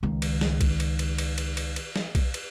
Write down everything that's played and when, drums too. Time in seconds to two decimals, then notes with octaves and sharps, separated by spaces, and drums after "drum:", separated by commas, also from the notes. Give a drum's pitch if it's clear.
0.03 C#2 D#3
0.22 drum: cymbal
0.41 drum: snare
0.61 drum: kick B1, cymbal
0.80 drum: cymbal
0.99 drum: cymbal
1.18 drum: cymbal
1.38 drum: cymbal
1.57 drum: cymbal
1.76 drum: cymbal
1.96 drum: snare
2.15 drum: kick B1, cymbal
2.34 drum: cymbal